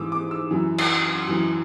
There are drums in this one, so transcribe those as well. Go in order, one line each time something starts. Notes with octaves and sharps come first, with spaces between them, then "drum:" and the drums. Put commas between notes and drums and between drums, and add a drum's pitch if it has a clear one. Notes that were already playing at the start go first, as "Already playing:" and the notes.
Already playing: G#2 E3 D6 E6
D6
E6
F#2 E3
drum: cymbal
F#2 E3